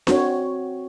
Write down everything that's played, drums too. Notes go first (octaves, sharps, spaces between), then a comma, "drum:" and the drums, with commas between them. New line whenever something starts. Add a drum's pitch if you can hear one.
C4 F#4 C#5, drum: snare D4